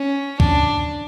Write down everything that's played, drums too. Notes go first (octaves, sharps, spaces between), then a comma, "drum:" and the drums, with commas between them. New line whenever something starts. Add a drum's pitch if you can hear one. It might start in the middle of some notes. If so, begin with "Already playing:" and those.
Already playing: C#4
D4, drum: kick